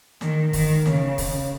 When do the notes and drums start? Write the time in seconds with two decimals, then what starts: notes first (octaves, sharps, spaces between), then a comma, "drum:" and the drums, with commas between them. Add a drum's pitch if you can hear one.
0.21 D#3, drum: snare
0.53 D#3, drum: kick, open hi-hat
0.86 C#3, drum: snare
1.18 drum: kick, open hi-hat